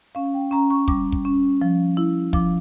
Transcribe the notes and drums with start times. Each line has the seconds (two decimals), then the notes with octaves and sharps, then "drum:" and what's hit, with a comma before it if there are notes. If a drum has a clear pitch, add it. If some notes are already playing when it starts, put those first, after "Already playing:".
0.15 C#4 F5
0.34 G5
0.51 C#4 A#5
0.70 C#6
0.88 G3 D6, drum: kick
1.12 drum: kick
1.25 C#4
1.61 F3
1.97 E4
2.33 F3 D6, drum: kick